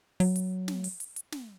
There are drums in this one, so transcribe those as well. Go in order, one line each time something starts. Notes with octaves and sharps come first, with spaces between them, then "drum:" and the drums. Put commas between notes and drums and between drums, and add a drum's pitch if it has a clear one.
F#3, drum: open hi-hat
drum: hi-hat
drum: snare
drum: open hi-hat
drum: hi-hat
drum: hi-hat
drum: snare